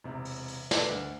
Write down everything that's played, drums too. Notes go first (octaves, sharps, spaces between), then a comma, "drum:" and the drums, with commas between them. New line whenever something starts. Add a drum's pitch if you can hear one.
E1 C3
drum: open hi-hat
drum: open hi-hat
A4 B4 D5 D6, drum: snare
D2